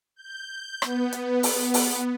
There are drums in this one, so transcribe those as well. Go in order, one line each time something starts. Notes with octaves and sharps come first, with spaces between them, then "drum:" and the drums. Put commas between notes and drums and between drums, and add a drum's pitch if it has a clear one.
G6
B3, drum: rim click
drum: hi-hat
drum: open hi-hat
drum: open hi-hat